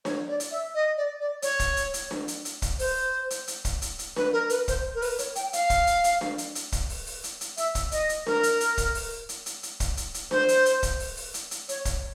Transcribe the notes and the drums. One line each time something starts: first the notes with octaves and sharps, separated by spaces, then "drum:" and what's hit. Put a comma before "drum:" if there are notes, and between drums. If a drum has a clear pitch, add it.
C#5, drum: snare D4
D5
drum: hi-hat
E5
D#5
D5
D5
C#5, drum: hi-hat
drum: kick, hi-hat
drum: hi-hat
drum: hi-hat
drum: snare D4
drum: hi-hat
drum: hi-hat
drum: kick, hi-hat
C5, drum: open hi-hat
drum: hi-hat
drum: hi-hat
drum: kick, hi-hat
drum: hi-hat
drum: hi-hat
B4, drum: snare D4
A#4
B4, drum: hi-hat
C5, drum: kick, hi-hat
A#4
B4, drum: open hi-hat
C#5, drum: hi-hat
G5, drum: hi-hat
F5, drum: hi-hat
drum: kick, hi-hat
drum: hi-hat
drum: hi-hat
drum: snare D4
drum: hi-hat
drum: hi-hat
drum: kick, hi-hat
drum: open hi-hat
drum: open hi-hat
drum: hi-hat
drum: hi-hat
E5, drum: hi-hat
drum: kick, hi-hat
D#5, drum: hi-hat
drum: hi-hat
A#4, drum: snare D4
drum: hi-hat
drum: hi-hat
drum: kick, hi-hat
drum: open hi-hat
drum: hi-hat
drum: hi-hat
drum: hi-hat
drum: kick, hi-hat
drum: hi-hat
drum: hi-hat
C5, drum: snare D4
drum: hi-hat
drum: hi-hat
drum: kick, hi-hat
drum: open hi-hat
drum: open hi-hat
drum: hi-hat
drum: hi-hat
C#5, drum: hi-hat
drum: kick, hi-hat